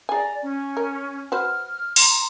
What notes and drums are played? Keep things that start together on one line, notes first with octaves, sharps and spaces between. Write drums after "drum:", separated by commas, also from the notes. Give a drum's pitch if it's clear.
G#4 D5 G#5 A#5
C#4
A#4
F#4 B4 C5 F6
A#5 C6, drum: open hi-hat